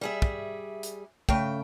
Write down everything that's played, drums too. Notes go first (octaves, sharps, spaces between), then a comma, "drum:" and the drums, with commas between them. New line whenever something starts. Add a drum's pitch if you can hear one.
G3 G#4 E5
drum: kick
drum: hi-hat
C#3 A3 G5, drum: kick